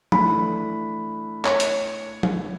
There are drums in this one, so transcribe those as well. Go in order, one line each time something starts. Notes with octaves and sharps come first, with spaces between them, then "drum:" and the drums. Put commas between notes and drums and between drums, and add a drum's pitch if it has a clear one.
E3 A3 D4 B5, drum: tom
C#5, drum: clap
drum: hi-hat
drum: tom